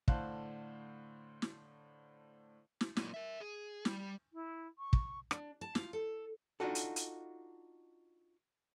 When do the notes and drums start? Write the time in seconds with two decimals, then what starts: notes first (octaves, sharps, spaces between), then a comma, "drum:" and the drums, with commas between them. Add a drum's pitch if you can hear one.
0.08 A2 D3 C5 F5 A5 F#6, drum: kick
1.42 drum: snare
2.81 drum: snare
2.97 F#2 A#2, drum: snare
3.14 A#4 E5
3.40 G#4
3.85 G3, drum: snare
4.33 E4
4.78 C#6
4.93 drum: kick
5.31 D4, drum: rim click
5.61 A5
5.75 F4, drum: snare
5.93 A4
6.60 D4 D#4 F4 F#4 A4
6.75 drum: hi-hat
6.96 drum: hi-hat